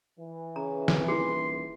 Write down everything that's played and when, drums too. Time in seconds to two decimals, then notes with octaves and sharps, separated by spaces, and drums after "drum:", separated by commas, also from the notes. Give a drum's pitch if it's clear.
0.19 E3
0.56 C#3 A#5
0.88 drum: snare
1.08 D#1 E4 G#4 C6